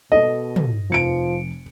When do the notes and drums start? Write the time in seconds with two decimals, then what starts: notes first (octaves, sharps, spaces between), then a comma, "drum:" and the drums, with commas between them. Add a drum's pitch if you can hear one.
0.12 B2 A4 D#5
0.56 drum: tom
0.90 F1 F3 C#7 D7